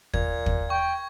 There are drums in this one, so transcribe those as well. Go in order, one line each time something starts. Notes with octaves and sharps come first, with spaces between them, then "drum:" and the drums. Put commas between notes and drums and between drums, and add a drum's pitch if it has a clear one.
A#2 G#6, drum: kick
drum: kick
G5 C#6